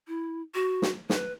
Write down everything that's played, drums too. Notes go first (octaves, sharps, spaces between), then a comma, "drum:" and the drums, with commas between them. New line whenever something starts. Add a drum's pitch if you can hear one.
E4
F#4
drum: snare
B4, drum: snare